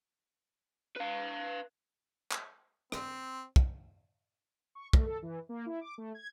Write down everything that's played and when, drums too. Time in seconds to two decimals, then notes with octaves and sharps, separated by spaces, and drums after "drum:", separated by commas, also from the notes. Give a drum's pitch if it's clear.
0.96 B4 F5
2.32 drum: clap
2.92 C4, drum: rim click
3.56 drum: kick
4.75 C#6
4.93 A3, drum: kick
5.06 A4
5.23 E3
5.49 A#3
5.66 E4
5.81 D6
5.98 A3
6.15 G#6